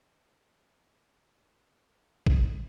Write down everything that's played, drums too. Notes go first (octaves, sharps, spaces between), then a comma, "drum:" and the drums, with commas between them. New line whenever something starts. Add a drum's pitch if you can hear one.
C#2 E4 E5 F5
drum: kick